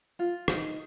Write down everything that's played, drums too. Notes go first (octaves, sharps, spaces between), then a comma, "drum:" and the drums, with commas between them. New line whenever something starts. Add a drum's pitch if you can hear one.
F4
D#4, drum: rim click